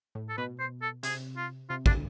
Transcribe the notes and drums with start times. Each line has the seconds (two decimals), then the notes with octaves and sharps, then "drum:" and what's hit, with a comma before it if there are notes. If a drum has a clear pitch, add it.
0.15 A2
0.29 A4
0.38 B2 B4
0.59 C5
0.82 A4
1.03 C3 G#4, drum: hi-hat
1.37 F4
1.70 C3 F4
1.86 D3 D4, drum: kick